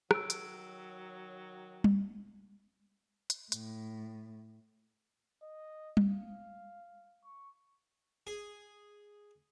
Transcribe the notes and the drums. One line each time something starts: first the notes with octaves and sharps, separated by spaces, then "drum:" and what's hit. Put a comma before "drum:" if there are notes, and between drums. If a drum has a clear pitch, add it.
D#3 F#3 E6 D7, drum: rim click
drum: hi-hat
drum: tom G3
drum: hi-hat
A2, drum: hi-hat
D#5
drum: tom G3
F5
C#6
G#4